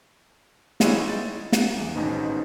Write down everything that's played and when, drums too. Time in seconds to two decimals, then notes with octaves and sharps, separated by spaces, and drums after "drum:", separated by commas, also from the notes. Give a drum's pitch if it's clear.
0.80 E3 G3 G#3 C#4 E4 C#5, drum: snare
0.95 D#4
1.08 A6
1.52 drum: snare
1.77 E2
1.95 A1 G#2 B2 D#3